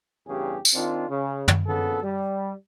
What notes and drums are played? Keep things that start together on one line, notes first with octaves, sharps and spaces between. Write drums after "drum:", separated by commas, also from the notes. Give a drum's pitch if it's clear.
E2 G2 C#3 G4 G#4
drum: tambourine
D#3 C4 D4 F4
C#3
drum: tom
A#1 C#3 B3 A4
G3